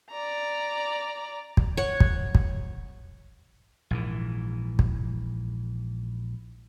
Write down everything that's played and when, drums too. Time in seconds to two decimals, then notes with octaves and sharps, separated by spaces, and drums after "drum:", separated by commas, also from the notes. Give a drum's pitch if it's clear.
0.10 D5 A#5
1.57 drum: kick
1.77 C#5 F#5
2.00 drum: kick
2.35 drum: kick
3.91 A#1 G#2 E3
4.79 drum: kick